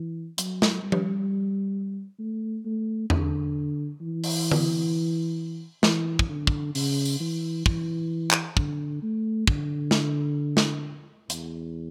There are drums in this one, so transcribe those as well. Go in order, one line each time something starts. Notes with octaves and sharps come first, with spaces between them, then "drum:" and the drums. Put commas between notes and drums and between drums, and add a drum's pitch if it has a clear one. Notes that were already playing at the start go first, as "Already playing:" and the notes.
Already playing: E3
F#3, drum: hi-hat
drum: snare
G3
drum: tom F3
A3
A3
D3, drum: tom E2
E3
drum: open hi-hat
drum: tom D3
E3, drum: snare
drum: kick
D3
drum: kick
C#3, drum: open hi-hat
drum: tambourine
E3
E3, drum: kick
drum: clap
D3, drum: kick
A3
D3, drum: kick
drum: snare
drum: snare
E2, drum: hi-hat